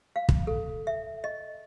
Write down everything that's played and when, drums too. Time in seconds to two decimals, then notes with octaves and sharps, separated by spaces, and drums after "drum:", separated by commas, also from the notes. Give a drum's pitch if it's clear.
0.16 F5
0.29 drum: kick
0.47 A4
0.87 E5
1.24 D#5